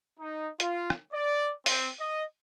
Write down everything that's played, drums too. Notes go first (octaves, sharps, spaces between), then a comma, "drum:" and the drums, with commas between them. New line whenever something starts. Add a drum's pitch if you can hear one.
D#4
F4, drum: hi-hat
drum: rim click
D5
C4, drum: open hi-hat
D#5